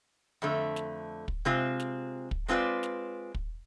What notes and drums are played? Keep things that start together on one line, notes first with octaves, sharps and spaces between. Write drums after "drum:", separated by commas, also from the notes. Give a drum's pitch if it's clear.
F2 D3 A3
drum: snare
drum: kick
C3 G#3 C4 F4
drum: snare
drum: kick
G#3 C4 F4 B4 D5
drum: snare
drum: kick